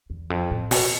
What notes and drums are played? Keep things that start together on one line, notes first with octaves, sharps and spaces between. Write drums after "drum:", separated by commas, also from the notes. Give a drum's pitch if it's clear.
E2
F2
A2
B2, drum: open hi-hat